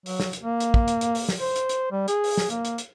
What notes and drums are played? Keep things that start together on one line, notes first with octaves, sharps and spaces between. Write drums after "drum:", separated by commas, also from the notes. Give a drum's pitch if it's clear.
F#3, drum: open hi-hat
drum: snare
drum: hi-hat
A#3
drum: hi-hat
drum: kick
drum: hi-hat
drum: hi-hat
drum: open hi-hat
drum: snare
C5
drum: hi-hat
drum: hi-hat
G3
G#4, drum: hi-hat
drum: open hi-hat
drum: snare
A#3, drum: hi-hat
drum: hi-hat
drum: hi-hat